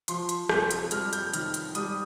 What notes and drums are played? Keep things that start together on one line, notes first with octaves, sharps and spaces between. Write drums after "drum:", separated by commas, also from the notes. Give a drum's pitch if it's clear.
F3 C6, drum: hi-hat
drum: hi-hat
F2 G6, drum: rim click
drum: hi-hat
G3 F6, drum: hi-hat
G6, drum: hi-hat
D#3 F6, drum: hi-hat
drum: hi-hat
G3 D#6, drum: hi-hat